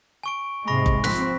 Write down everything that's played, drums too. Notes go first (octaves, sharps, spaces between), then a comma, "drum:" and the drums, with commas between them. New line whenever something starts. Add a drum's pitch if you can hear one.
G#5 C#6 D7
G#2 C3 G#3 B5 C#6 A#6
drum: kick F#1
F3 C4 F#6 B6, drum: snare